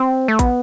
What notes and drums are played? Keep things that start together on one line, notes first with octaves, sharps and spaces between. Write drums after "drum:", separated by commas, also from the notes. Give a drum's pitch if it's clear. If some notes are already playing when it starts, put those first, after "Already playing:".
Already playing: C4
A3
B3, drum: kick A1, hi-hat